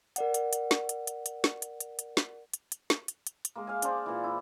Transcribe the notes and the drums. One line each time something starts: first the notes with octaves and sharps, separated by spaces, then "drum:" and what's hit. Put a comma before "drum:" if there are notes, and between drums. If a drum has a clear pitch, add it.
A#4 D5 F#5, drum: hi-hat
drum: hi-hat
drum: hi-hat
drum: snare
drum: hi-hat
drum: hi-hat
drum: hi-hat
drum: snare
drum: hi-hat
drum: hi-hat
drum: hi-hat
drum: snare
drum: hi-hat
drum: hi-hat
drum: snare
drum: hi-hat
drum: hi-hat
drum: hi-hat
G#3 A#3
F5 G#5
D4 G#4 C5 D5, drum: hi-hat
A#2 E3
E4